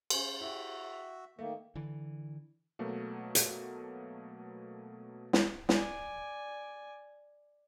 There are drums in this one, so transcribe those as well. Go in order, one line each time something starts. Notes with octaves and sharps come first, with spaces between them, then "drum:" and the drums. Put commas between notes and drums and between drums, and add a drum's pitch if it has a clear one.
C#4 C5, drum: cymbal
E4 F#4 G4 E5
D#3 A3 A#3
D3 E3
B2 F#3 A3 A#3
drum: hi-hat
drum: snare
D5 G#5, drum: snare